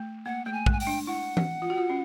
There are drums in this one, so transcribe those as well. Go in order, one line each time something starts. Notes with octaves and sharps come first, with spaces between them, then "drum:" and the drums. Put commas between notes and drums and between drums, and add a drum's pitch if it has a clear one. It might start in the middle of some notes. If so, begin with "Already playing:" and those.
Already playing: A3
A#3 F#5
A3 G5
G#5
G#3, drum: kick
G#5
G5, drum: open hi-hat
D4
E4 F#5
drum: tom E3
F4
F#4
F4
C#4